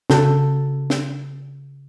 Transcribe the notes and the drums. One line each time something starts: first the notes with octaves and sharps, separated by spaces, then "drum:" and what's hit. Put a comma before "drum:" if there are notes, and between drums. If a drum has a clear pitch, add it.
C#3 F#4 A4, drum: snare
drum: snare